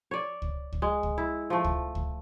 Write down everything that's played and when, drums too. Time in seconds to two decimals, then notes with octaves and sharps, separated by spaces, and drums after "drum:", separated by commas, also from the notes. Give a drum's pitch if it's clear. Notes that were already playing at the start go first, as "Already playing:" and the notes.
0.11 C#5 D5
0.42 drum: kick C#2
0.73 drum: kick C#2
0.82 G#3
1.03 drum: kick C#2
1.18 E4
1.50 F3 A3
1.64 drum: kick C#2
1.95 drum: kick C#2